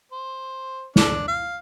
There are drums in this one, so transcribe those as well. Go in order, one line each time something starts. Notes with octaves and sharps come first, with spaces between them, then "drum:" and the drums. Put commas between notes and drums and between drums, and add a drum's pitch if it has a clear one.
C5
D4, drum: snare
F5